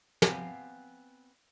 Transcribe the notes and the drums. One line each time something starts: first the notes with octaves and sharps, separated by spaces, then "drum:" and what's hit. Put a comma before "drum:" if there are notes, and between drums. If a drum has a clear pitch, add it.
B3 C4 F5 G#5, drum: snare